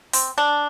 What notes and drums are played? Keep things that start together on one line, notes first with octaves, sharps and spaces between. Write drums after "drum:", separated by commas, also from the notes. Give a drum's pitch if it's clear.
C4, drum: open hi-hat
D4